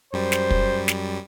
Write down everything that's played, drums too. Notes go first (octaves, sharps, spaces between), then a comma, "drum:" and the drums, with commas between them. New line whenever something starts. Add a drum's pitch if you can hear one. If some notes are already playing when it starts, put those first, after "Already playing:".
F#2 G3 C5
drum: snare
drum: kick
drum: snare